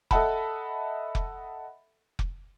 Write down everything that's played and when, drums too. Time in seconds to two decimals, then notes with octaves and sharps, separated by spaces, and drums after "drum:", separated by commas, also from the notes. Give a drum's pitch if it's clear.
0.11 A4 D#5 E5 F#5 A5 B5, drum: kick F1
1.15 drum: kick F1
2.19 drum: kick F1